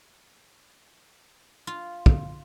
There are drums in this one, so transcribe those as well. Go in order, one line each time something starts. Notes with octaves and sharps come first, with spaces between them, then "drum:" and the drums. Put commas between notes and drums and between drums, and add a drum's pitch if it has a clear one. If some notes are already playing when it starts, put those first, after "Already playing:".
F4
drum: kick